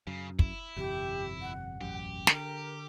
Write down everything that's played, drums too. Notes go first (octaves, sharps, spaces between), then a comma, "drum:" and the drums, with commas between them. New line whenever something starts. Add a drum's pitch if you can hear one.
F#2 C#3
E4, drum: kick
G1 F2 C3 G4
F#5
E1 A1 F#2 G4
D3 A#4, drum: snare